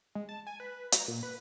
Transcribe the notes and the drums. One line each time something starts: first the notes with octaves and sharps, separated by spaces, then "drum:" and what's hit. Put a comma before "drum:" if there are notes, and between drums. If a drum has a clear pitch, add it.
G#3
A5
G#5
B4
A#5, drum: hi-hat
A#2
B4